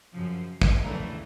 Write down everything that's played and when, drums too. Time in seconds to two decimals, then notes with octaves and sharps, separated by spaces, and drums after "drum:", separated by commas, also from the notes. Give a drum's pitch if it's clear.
0.12 F#2 C#3 F3
0.62 drum: kick
0.82 D#2 C#3 E3 A3 D4 A#4